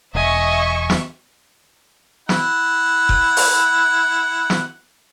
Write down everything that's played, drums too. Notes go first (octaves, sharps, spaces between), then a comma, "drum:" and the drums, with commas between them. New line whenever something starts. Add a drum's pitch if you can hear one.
E1 D#5 E5 G#5 C#6
drum: snare
E4 F#5, drum: snare
drum: kick F1
drum: open hi-hat
drum: snare